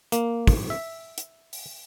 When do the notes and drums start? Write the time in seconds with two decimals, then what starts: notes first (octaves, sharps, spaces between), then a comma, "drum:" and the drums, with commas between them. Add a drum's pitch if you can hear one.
0.12 A#3, drum: hi-hat
0.47 drum: kick, open hi-hat
0.70 E5
1.18 drum: hi-hat
1.53 drum: open hi-hat